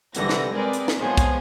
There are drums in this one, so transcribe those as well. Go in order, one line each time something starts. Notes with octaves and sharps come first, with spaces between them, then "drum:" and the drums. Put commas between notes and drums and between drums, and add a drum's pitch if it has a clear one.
C2 D3 E3 G3 F#5 A#6, drum: hi-hat
drum: snare
G#3 C4 G#4 A#4 B4 D5
drum: hi-hat
drum: snare
F3 G#3 B3 G#4 C5 C#5
drum: kick, hi-hat